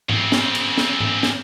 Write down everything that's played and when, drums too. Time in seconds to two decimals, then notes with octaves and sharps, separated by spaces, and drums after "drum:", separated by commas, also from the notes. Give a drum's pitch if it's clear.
0.09 C#3 C4, drum: tom G#2
0.32 drum: snare
0.55 drum: cymbal
0.78 drum: snare
1.00 drum: tom G#2
1.23 drum: snare